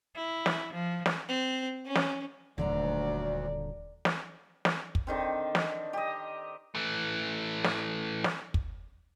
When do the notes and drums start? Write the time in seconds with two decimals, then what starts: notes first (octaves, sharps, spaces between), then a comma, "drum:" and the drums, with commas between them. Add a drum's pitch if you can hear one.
0.16 E4
0.46 drum: snare
0.73 F3
1.06 drum: snare
1.28 C4
1.85 C#4
1.95 drum: snare
2.58 D#1 D2 D3 F#3 D5 A#5
4.05 drum: snare
4.65 drum: snare
4.95 drum: kick
5.07 D3 D#3 C4
5.55 drum: snare
5.93 G4 D#5
6.75 E3 A3
7.64 drum: snare
8.24 drum: snare
8.54 drum: kick